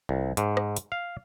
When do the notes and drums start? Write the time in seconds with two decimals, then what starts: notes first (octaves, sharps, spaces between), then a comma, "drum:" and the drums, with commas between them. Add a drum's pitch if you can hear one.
0.09 C2
0.37 G#2, drum: hi-hat
0.57 drum: rim click
0.77 drum: hi-hat
0.92 F5